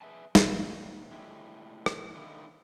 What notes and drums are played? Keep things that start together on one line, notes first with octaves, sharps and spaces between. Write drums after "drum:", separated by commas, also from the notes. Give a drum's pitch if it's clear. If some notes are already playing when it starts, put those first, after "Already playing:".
G#4 B4 E5 G#5 A5
A#2 D#3 A#3 D#4 F#4 G4, drum: snare
A2 D3 F3 G#3 E4 G4
drum: rim click
D3 D#3 G#3 A#3 E4